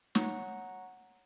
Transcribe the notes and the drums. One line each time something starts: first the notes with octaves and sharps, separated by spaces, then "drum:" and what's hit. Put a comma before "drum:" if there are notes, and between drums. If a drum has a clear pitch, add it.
C#5 F#5 A#5 C#6, drum: snare